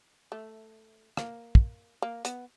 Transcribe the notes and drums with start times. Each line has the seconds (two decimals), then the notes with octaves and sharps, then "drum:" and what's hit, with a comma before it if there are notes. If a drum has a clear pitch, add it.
0.32 A3
1.17 A#3, drum: rim click
1.55 drum: kick
2.02 A#3
2.25 B3, drum: hi-hat